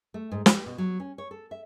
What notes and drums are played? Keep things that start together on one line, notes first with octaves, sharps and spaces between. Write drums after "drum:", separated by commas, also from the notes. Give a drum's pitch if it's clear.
A3
G#2
G4, drum: snare
B2
F#3
C#4
C#5
A4
E5